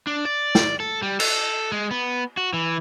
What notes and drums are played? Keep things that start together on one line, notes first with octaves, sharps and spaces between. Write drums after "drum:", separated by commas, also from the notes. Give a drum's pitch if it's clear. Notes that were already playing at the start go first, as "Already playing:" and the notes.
D4
D5
drum: snare
A4
G3
A4, drum: cymbal
G#3
B3
F#4
E3